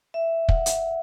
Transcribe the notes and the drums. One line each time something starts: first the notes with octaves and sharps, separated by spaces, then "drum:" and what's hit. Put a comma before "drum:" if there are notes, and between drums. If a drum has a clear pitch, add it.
E5
F#5, drum: kick
drum: hi-hat